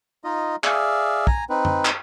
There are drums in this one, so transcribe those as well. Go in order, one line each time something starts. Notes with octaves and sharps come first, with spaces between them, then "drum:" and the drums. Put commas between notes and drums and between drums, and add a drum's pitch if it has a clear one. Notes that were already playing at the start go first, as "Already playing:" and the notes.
D#4 F4 D#5
G#4 D5 E5 F5, drum: clap
G#5 A#5, drum: kick
C4 D#4 B4
drum: tom F#2
drum: clap